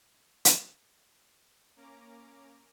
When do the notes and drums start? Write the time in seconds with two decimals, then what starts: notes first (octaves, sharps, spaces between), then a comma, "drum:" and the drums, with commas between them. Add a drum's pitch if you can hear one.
0.45 drum: hi-hat
1.76 A#3 C#4 A#5 D6